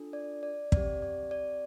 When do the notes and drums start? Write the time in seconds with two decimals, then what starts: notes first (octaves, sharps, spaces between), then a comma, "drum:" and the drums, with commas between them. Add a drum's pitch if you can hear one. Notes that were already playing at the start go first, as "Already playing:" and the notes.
Already playing: D4 F4 A4
0.13 D5
0.43 D5
0.72 C4 G4 D5, drum: kick
1.02 D5
1.31 D5